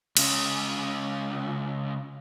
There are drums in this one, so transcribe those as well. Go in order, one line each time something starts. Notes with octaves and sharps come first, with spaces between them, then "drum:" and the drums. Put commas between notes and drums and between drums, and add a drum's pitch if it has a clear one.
C#2 C#3, drum: cymbal